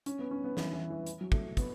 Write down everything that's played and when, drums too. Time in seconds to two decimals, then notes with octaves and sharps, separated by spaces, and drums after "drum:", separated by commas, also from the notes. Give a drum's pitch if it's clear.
0.06 C#4, drum: hi-hat
0.19 B3
0.31 C#4
0.44 B3
0.57 E3, drum: snare
0.73 E3
0.90 E3
1.06 drum: hi-hat
1.21 F#3
1.32 A3, drum: kick
1.57 B3, drum: kick, hi-hat